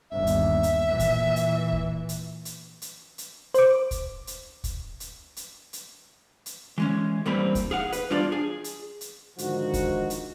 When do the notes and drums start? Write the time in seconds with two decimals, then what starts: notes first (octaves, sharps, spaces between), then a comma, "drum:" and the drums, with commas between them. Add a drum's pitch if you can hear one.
0.11 G1 D#2 E5
0.27 drum: hi-hat
0.63 drum: hi-hat
0.89 A#2 E3
1.00 drum: kick, hi-hat
1.36 drum: hi-hat
1.72 drum: kick
2.09 drum: hi-hat
2.45 drum: hi-hat
2.82 drum: hi-hat
3.18 drum: hi-hat
3.54 C5 D6, drum: hi-hat
3.91 drum: kick, hi-hat
4.27 drum: hi-hat
4.64 drum: kick, hi-hat
5.00 drum: hi-hat
5.37 drum: hi-hat
5.73 drum: hi-hat
6.46 drum: hi-hat
6.78 E3 G#3 C#4
7.26 G2 E3 G3 A#3 C4 B5
7.55 drum: kick, hi-hat
7.71 G#4 F5 F#5
7.92 B4, drum: hi-hat
8.10 E2 G3 D4 F4 D5
8.32 G#4
8.64 drum: hi-hat
9.01 drum: hi-hat
9.38 G#2 D3 D#3 F3 D#4 F#4, drum: hi-hat
9.74 drum: kick, hi-hat
10.10 drum: hi-hat